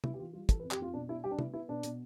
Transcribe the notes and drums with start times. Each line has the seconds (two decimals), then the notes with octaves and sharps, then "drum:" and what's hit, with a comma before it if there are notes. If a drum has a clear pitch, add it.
0.04 B3 E4, drum: tom
0.14 G4
0.19 E3 F4
0.33 G3 F4
0.49 E3 A4, drum: kick, hi-hat
0.60 B4
0.63 F2
0.71 G4, drum: clap
0.79 F2 F4
0.94 B2 D4
1.09 D4 E4
1.24 G3 G4
1.31 D4
1.39 B3 E4, drum: tom
1.53 B3 E4
1.68 B2 D4
1.83 B2, drum: hi-hat